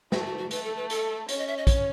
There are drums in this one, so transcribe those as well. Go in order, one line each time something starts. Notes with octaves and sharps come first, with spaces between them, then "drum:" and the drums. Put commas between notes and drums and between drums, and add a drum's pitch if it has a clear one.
A3 F#4, drum: snare
F#4
F#4
A3 B4, drum: hi-hat
A4
B4
A4, drum: hi-hat
C#4 C#5, drum: hi-hat
D#5
E5
D#5
C#5, drum: kick A#1, hi-hat